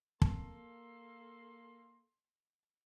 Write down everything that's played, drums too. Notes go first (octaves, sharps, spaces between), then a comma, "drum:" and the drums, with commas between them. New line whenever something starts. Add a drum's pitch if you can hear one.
A#3 A4 A5 C6, drum: kick